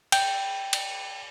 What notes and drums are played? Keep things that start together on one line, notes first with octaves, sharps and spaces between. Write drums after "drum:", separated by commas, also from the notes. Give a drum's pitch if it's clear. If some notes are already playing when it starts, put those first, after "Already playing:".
G5, drum: cymbal
drum: cymbal